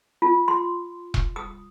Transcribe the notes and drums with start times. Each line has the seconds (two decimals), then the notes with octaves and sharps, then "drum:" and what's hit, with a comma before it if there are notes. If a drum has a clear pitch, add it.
0.22 F4
0.48 C6
1.14 drum: kick E1
1.36 D#6